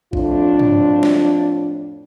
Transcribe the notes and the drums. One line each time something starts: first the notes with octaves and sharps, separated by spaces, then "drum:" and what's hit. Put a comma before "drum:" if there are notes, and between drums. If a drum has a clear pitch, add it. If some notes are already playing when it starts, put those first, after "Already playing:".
F2 A2 D4 F4, drum: kick A1
drum: tom
drum: snare